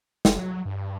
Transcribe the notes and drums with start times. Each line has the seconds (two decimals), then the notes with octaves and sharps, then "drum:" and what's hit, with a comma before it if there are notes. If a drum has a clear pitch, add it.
0.25 F#1, drum: snare
0.39 F#3
0.65 G2